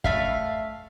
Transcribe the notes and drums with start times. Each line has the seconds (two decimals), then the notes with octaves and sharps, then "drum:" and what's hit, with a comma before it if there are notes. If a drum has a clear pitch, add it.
0.04 A3 E5 F5, drum: kick